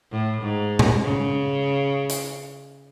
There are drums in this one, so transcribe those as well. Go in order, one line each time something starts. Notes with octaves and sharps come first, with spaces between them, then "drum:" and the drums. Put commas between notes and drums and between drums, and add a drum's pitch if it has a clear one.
A2
G#2
drum: tom A#2
C#3
drum: hi-hat